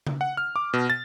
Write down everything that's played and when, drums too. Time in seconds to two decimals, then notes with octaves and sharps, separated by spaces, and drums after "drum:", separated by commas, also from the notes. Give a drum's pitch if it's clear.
0.07 drum: tom C#3
0.21 F#5
0.37 F6
0.56 D6
0.73 B2
0.90 A6